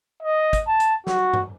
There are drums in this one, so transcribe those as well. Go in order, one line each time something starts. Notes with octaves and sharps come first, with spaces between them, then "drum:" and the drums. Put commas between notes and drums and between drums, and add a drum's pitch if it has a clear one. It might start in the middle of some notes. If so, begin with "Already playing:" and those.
D#5
drum: kick, hi-hat
A5
drum: hi-hat
F#4, drum: snare
drum: tom G2